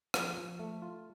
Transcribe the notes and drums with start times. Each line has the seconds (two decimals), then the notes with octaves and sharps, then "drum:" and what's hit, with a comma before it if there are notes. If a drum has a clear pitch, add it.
0.14 F3, drum: rim click
0.37 F3
0.59 A3
0.82 F4